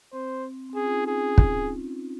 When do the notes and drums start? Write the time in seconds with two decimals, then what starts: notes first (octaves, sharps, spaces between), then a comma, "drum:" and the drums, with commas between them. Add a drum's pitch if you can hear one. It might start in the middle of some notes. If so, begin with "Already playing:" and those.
0.13 C4 C5
0.70 C4
0.75 C#4 G#4
0.84 F4
0.90 D#4
1.07 C#4 G#4
1.38 drum: kick